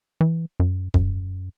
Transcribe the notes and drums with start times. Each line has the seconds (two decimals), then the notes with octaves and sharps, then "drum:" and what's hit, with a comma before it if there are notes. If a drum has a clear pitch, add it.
0.21 E3
0.60 F#2
0.94 F#2, drum: kick E1